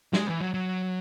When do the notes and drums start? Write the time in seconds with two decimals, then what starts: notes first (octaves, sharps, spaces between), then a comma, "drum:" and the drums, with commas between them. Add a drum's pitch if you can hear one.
0.13 G#3, drum: snare
0.27 E3
0.41 F#3
0.54 F#3